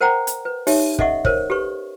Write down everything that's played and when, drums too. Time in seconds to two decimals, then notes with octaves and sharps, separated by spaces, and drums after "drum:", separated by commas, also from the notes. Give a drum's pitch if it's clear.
0.01 A#4 C5 F#5 G5 A#5
0.27 drum: hi-hat
0.45 B4
0.67 D#4 G4 C#5 E5, drum: open hi-hat
0.99 C#4 A4 D#5 E5 F#5 C#6, drum: kick
1.25 A#4 C5 C#5, drum: kick
1.50 G4 A4 B4 C#6